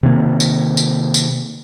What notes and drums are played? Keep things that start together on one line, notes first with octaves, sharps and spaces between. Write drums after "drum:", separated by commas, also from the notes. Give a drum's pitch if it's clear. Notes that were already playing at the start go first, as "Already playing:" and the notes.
C3 D#3 A#3
drum: tambourine
drum: tambourine
drum: tambourine